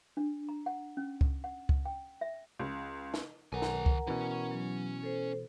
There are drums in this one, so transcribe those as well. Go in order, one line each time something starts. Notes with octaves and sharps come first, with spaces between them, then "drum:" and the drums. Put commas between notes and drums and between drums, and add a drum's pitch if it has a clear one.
D4
A#5
F#5
C#4
drum: kick C#2
F#5
drum: kick C#2
G5
E5
C#2
drum: snare
B1 D#3 A#4 F#5 G#5 A#5
drum: snare
drum: kick C#2
B2 E3 C#4 C#5
F#3
A4 C5